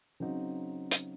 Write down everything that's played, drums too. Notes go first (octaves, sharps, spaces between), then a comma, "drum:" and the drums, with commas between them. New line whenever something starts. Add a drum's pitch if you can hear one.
C#3 F#3 C4 D#4
drum: hi-hat